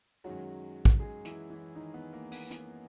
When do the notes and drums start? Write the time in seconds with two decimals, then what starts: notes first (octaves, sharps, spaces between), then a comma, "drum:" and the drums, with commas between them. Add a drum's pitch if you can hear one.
0.24 F#2 D#3 F#3 G#3 F#4
0.85 drum: kick
0.99 G#3 G#4
1.25 E3 E4, drum: hi-hat
1.50 E3 E4
1.75 D#3 D#4
1.94 B3
2.13 A#3
2.32 B3, drum: open hi-hat
2.51 B3, drum: hi-hat